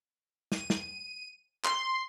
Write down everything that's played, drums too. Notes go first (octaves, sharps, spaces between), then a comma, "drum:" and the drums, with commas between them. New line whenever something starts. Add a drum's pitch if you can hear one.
D#7, drum: snare
drum: snare
C6, drum: clap